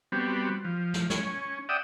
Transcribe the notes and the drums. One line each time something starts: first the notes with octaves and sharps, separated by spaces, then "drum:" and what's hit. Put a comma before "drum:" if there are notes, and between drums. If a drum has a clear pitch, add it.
G3 B3 C4 F#4
F3
drum: snare
C#4, drum: snare
D5 E5 F#5 G5 D#6